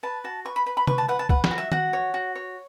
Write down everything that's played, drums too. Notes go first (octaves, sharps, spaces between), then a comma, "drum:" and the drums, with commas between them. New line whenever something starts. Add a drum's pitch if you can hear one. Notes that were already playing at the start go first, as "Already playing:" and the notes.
B4 A5
F#4 A5
B4 C#6
B5
B4 B5
B5
B4 C#6, drum: tom
A5
B4 F#5
A5
B4 F#5, drum: kick
F#5, drum: snare
F#4
E5
F#4 F#5, drum: tom D#3
C#5
F#4
C#5